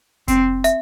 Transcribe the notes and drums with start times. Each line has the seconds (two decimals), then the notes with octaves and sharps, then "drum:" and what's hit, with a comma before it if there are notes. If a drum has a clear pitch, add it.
0.28 C4, drum: kick F1, hi-hat
0.64 E5, drum: hi-hat